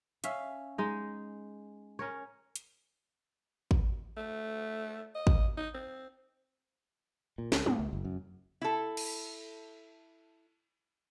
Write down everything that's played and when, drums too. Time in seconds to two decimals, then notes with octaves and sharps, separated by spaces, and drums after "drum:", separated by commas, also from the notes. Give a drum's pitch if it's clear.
0.24 C#4 E5 F5, drum: hi-hat
0.78 G#3 D#4
1.99 C#4 A#4 C#5
2.56 drum: hi-hat
3.71 drum: kick
4.17 A3
5.15 D#5
5.27 drum: kick
5.57 D#4
5.74 C4
7.38 A#2
7.52 C#2, drum: snare
7.66 G#2, drum: tom
7.79 C#2
7.93 F#1
8.04 F#2
8.62 E4 A4
8.97 drum: cymbal